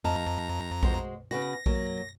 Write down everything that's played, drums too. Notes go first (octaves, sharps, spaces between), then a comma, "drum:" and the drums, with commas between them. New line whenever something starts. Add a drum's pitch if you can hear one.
F2 D#5 F5 A5 A#5
G#3 F#4 C5, drum: kick A#1
C#3 B3 F#4 A#6
F#3 A#3, drum: kick A#1